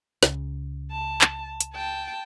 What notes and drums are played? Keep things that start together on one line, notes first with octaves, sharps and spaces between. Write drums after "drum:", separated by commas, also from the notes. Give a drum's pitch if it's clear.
C#2 C#3, drum: snare
A5
drum: clap
drum: hi-hat
G5 A5